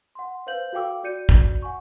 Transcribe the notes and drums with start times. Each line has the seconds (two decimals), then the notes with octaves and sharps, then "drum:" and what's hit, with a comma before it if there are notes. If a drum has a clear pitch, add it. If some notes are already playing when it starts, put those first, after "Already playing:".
0.15 F#5 C6
0.47 B4 C5 F5 G6 F#7
0.73 F#4 A4 F5 G5 D6 E6
1.03 F#4 D5 G6 C#7 D#7
1.29 drum: kick
1.62 F#5 G#5 C#6